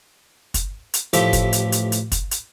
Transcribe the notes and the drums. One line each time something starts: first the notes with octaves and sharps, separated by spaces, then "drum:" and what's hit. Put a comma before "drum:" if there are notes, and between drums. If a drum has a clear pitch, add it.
drum: kick, hi-hat
drum: hi-hat
A1 F3 G4 E5, drum: hi-hat
drum: kick, hi-hat
drum: hi-hat
drum: hi-hat
drum: hi-hat
drum: kick, hi-hat
drum: hi-hat